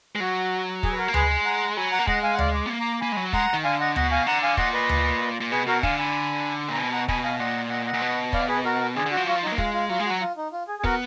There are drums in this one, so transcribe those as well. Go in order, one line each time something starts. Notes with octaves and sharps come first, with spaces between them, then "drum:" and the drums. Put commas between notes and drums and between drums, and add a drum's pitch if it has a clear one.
G#3
F#3 F#4
G#4, drum: kick
B4
F#4 A#4
A#3
G#3 G#4 B4, drum: tom D2
F#5 A#5
F#3 G#5 B5
F#5 A#5
A#3
G#3 D#5 F#5, drum: kick
F5 G#5
F#5
D5 F5, drum: tom D2
D6
B3
A#3
A#5 D6
A#3 G#5 B5
G#3
F#3
G#3 F#5 A#5, drum: kick
D#3
D3 F5 G#5
D#5 F#5
B2 D#5 F#5, drum: tom D2
F5 G#5
D3 F#5 A#5
F5 G#5
A#2 D#5 F#5, drum: kick
B4 D#5
drum: tom D2
A#2
B2 G#4 B4
B2 F#4 A#4
D3 F5 G#5, drum: kick
G#5 B5
A#2
A#5
B2 G#5 B5
F#5 A#5
B2 G#5 B5, drum: kick
F5 G#5
A#2 D#5 F#5
D#5 F#5
D#5 F#5
A#2
B2
D5 F5, drum: kick
G#4 B4
F#4 A#4
D3 G#4
D3
F#4
F3
F#3 F4
F3
F#3 D#4
A#3
G#3 F4, drum: kick
F4
F#3 F4
G#3 G#4
F#3 F#4
F4
D#4
F4
G#4
G#4
B3 F#4 A#4, drum: kick